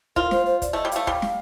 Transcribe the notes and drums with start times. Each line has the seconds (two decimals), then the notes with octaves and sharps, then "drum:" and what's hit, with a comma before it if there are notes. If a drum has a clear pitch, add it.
0.16 F4 A#4, drum: kick
0.31 C5, drum: snare
0.46 C5
0.62 D5, drum: kick, hi-hat
0.73 A3 D#5
0.85 G3
0.92 A3 F5, drum: hi-hat
1.07 G3, drum: kick
1.22 drum: snare